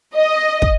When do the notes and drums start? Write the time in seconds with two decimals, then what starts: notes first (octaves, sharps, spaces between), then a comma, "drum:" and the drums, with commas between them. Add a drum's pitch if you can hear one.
0.15 D#5
0.62 drum: kick